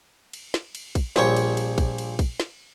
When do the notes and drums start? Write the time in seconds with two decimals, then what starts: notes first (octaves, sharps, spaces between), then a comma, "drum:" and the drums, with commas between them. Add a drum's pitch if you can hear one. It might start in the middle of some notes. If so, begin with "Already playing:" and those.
0.33 drum: cymbal
0.54 drum: snare
0.75 drum: cymbal
0.95 drum: kick, cymbal
1.16 A#1 A#2 F3 G3 C#5, drum: snare
1.36 drum: cymbal
1.57 drum: cymbal
1.78 drum: kick, cymbal
1.98 drum: cymbal
2.19 drum: kick, cymbal
2.40 drum: snare